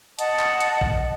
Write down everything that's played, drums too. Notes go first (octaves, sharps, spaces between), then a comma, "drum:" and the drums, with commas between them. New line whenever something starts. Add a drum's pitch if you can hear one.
D#5 F#5 A5 D#6, drum: hi-hat
drum: clap
drum: hi-hat
drum: kick